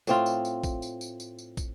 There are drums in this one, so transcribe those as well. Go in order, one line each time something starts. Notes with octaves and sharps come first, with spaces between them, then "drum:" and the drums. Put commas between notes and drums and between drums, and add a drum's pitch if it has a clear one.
A2 C4 F4, drum: tambourine
drum: tambourine
drum: tambourine
drum: kick, tambourine
drum: tambourine
drum: tambourine
drum: tambourine
drum: tambourine
drum: kick, tambourine